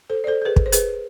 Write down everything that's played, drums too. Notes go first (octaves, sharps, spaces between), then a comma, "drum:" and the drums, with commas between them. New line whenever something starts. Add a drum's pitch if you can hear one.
A4 C5
D5
A4 C5
A4
G#4 B4
drum: kick
C5
G#4 B4, drum: hi-hat